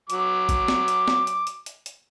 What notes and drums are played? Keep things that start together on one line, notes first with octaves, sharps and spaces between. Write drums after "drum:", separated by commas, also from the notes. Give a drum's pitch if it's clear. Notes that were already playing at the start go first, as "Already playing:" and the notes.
F#3 D6, drum: hi-hat
drum: kick A1, hi-hat
drum: snare
drum: hi-hat
drum: snare
drum: hi-hat
drum: hi-hat
drum: hi-hat
drum: hi-hat